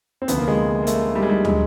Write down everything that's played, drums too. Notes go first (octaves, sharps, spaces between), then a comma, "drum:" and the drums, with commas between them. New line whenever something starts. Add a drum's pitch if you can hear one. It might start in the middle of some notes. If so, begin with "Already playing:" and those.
C4
D2 C3 F3 B3, drum: hi-hat
A#3
G#3
A#3
A3, drum: hi-hat
G3
G#3
G3
D3 F#3 G#3, drum: tom